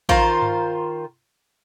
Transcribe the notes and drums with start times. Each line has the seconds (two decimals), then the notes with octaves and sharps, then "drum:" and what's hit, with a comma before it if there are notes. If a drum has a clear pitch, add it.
0.09 D#3 F4 C5 A#5, drum: kick A1
0.42 drum: tom G2